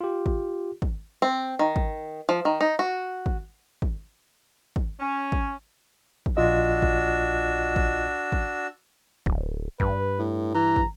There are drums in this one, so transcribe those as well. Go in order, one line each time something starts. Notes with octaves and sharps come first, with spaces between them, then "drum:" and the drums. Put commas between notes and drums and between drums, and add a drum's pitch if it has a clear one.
F4 G4
drum: kick
drum: kick
C4
D#3
drum: kick
F3
D#3
D#4
F#4
drum: kick
drum: kick
drum: kick
C#4
drum: kick
drum: kick
A#1 D4 F4 F#4 D#5 E6
drum: kick
drum: kick
drum: kick
D1, drum: kick
G2 B4, drum: kick
A2
E3 A#5
drum: kick